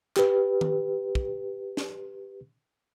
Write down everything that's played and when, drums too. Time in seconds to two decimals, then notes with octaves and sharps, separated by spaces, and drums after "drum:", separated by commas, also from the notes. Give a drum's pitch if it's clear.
0.17 G4 B4, drum: clap
0.61 drum: tom D#3
1.15 drum: kick
1.77 drum: snare